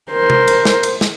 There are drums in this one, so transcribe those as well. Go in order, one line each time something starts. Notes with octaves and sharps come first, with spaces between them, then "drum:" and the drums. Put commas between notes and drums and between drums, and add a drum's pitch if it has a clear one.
A#4 C5
drum: tom C3
drum: cymbal
drum: snare
drum: cymbal
drum: snare